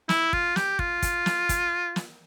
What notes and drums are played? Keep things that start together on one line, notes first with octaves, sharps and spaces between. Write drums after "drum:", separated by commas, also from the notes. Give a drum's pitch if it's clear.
E4, drum: snare
F4, drum: kick
G4, drum: snare
F4, drum: kick
drum: kick, hi-hat
drum: snare
drum: kick, hi-hat
drum: snare